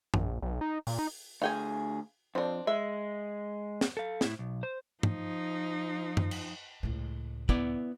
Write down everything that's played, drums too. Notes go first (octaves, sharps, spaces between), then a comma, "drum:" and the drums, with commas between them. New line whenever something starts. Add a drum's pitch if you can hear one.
A#1, drum: tom F#2
B1
D#4
A#2, drum: open hi-hat
D#4
D2 G#4 F5 G5 G#5
F2 C4 D4
G#3 E5
drum: snare
A4 F5
A2 E4, drum: snare
B1
C5
F3 D#4, drum: tom G2
drum: tom F#2
drum: cymbal
C#2 A2
B3 E4 D5, drum: kick